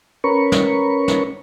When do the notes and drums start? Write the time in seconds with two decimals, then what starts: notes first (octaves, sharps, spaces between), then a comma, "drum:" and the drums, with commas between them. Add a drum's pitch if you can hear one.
0.24 C#4 A#4 B4 C#6
0.52 drum: snare
1.08 drum: snare